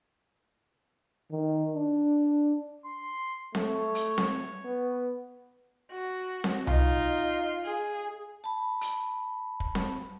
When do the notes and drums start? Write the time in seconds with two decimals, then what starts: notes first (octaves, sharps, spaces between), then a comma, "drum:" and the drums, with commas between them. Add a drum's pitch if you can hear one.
1.31 D#3
1.74 D4
2.86 C6
3.55 A3 C#5, drum: snare C4
3.95 drum: hi-hat
4.18 drum: snare C4
4.65 B3
5.91 F#4
6.44 drum: snare C4
6.67 D#4 F4, drum: tom C2
7.65 G#4
8.44 A5 B5
8.81 drum: hi-hat
9.60 drum: kick
9.75 drum: snare C4